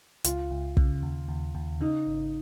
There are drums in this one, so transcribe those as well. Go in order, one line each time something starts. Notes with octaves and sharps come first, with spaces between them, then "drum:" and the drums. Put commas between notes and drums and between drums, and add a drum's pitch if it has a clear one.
C#2 F4, drum: hi-hat
C#2
C#3, drum: kick
D#2
D#2
D#2
C#3 D#4
G#1